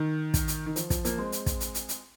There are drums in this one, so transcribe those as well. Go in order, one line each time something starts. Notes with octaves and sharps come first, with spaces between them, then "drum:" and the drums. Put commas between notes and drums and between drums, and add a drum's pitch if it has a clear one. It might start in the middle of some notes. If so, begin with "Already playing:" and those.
Already playing: D#3
drum: kick, hi-hat
drum: hi-hat
D#3
F3, drum: hi-hat
F3, drum: kick, hi-hat
F3 A#3, drum: hi-hat
G#3 C4
drum: hi-hat
drum: kick, hi-hat
drum: hi-hat
drum: hi-hat
drum: hi-hat